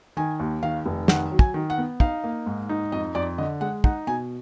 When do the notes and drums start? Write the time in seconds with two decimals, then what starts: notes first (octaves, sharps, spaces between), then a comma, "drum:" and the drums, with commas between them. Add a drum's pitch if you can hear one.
0.17 D#3 G#5
0.40 D#2
0.63 D#3 F5
0.86 F1
1.08 D#3 F#5, drum: snare
1.32 F#3
1.39 G#5, drum: kick
1.54 D#3
1.70 F#5
1.78 B3
2.00 D#4 F5, drum: kick
2.24 A#3
2.46 G#2
2.69 D#4
2.92 F2 D#5
3.15 F2 D5
3.38 D3 D#5
3.61 G#3 F#5
3.84 D#4 F#5, drum: kick
4.07 B2 G#5